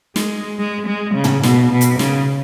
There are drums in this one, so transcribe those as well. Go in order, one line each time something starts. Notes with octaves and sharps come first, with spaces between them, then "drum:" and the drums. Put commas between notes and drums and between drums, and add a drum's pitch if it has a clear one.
G#3, drum: snare
G#3
G#3
C#3
drum: tom
B2, drum: snare
B2
drum: hi-hat
C#3, drum: snare